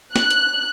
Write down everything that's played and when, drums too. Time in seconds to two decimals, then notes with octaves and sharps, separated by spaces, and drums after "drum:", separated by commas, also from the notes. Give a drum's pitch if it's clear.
0.16 F#6, drum: snare
0.30 drum: hi-hat